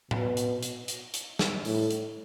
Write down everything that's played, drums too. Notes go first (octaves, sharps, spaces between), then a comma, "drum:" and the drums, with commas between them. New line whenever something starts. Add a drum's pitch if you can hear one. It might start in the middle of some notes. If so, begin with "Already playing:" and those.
B2, drum: tom A2
drum: hi-hat
drum: hi-hat
drum: hi-hat
drum: hi-hat
drum: snare
A2, drum: open hi-hat
drum: hi-hat